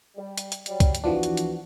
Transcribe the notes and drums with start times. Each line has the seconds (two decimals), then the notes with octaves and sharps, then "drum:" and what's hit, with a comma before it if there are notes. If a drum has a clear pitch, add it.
0.17 G3
0.38 drum: hi-hat
0.52 drum: hi-hat
0.66 F#3 G3, drum: hi-hat
0.80 drum: kick C2, hi-hat
0.95 drum: hi-hat
1.04 E3 F3 B3 D4 F#4
1.23 drum: hi-hat
1.37 drum: hi-hat